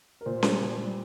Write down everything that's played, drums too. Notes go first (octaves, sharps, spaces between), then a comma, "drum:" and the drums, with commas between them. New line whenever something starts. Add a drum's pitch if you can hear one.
A#4
A#2 C5
G3, drum: snare C#4
A#2
G3